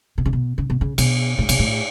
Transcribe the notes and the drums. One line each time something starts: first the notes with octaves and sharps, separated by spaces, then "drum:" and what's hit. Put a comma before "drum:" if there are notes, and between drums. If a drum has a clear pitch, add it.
B2
C#3
B2
C#3
B2
C#3
B2, drum: cymbal
A2
B2, drum: cymbal
A2